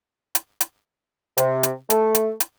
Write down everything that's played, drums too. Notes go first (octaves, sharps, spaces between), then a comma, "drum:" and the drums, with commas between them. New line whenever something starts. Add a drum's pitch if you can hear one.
drum: hi-hat
drum: hi-hat
C3, drum: hi-hat
drum: hi-hat
A3, drum: hi-hat
drum: hi-hat
drum: hi-hat